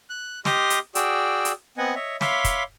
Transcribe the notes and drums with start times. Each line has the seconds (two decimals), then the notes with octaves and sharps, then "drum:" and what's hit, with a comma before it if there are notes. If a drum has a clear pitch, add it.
0.10 F#6
0.45 G4 D#5 C6 D6 D#6 F6, drum: snare
0.70 drum: hi-hat
0.95 F#4 G#4 D5 G5 E6, drum: hi-hat
1.45 drum: hi-hat
1.78 B3 C4 D#5 F#5 G#5
1.95 C#5 D#5 E5
2.21 C#5 E5 F5 B5 C6 D6, drum: snare
2.44 drum: kick, hi-hat